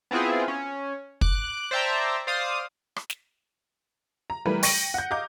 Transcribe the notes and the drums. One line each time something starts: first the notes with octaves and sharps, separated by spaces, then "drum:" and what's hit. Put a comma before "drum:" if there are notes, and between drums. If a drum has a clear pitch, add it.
B3 C4 E4 F4 G#4
C#4
D6 F#6, drum: kick
C5 D5 E5 G5 A5 A#5
C5 D5 F5 D#6
drum: rim click
drum: snare
A#5
E3 G3 A3 A#4 B4
G5 C#6 A#6 C#7 D#7 F#7, drum: open hi-hat
F#5 G6
D#5 F5 A#5 D6 G6